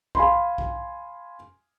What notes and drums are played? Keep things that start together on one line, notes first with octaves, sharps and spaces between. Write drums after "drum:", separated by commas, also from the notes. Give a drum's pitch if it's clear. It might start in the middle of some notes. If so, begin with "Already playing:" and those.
F5 G#5 B5 C6, drum: kick B1
drum: kick B1